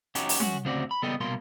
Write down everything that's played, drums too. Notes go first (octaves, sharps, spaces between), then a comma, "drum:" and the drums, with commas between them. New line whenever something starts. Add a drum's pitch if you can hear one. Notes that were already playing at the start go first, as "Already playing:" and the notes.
C#4 D#4 F#4 G4, drum: hi-hat
drum: open hi-hat
C#4 F#4, drum: tom
D2 C#3 C4 F#4 D5
B5
C#3 G3 B3 A4 D#5 G5
C2 B2 A#3 C6